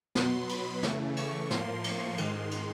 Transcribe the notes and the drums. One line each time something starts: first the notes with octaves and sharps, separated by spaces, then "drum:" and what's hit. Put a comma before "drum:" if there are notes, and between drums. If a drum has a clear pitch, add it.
B2 F#3 B3 C6, drum: snare
B5, drum: cymbal
C#3 E3 A3 C#6, drum: snare
C#6, drum: cymbal
A2 F3 A#3 C6, drum: snare
C#6, drum: cymbal
G#2 D#3 G#3 C6, drum: cymbal
drum: cymbal